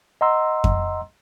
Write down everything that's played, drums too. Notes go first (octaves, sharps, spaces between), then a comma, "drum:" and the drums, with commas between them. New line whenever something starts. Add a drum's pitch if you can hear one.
D#5 F#5 A#5 C6 E6
drum: kick F2